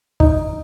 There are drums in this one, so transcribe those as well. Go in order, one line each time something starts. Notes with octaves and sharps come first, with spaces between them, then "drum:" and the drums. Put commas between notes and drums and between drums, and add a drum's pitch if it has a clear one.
D#4, drum: kick